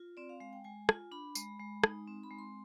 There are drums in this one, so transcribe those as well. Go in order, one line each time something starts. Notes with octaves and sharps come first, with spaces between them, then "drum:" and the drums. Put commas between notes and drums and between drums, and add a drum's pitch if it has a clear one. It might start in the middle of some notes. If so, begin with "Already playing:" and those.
Already playing: F4
C4 D5
F5
G#3 F5
G5
G#3 G#5
F4, drum: rim click
D4 B5
G#3, drum: tambourine
G#3
D#4, drum: rim click
C4
B5
G#3
C6